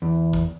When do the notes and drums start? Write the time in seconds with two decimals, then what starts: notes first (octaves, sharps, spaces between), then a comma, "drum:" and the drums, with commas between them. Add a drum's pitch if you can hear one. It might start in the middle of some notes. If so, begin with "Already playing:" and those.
0.02 E2
0.33 drum: kick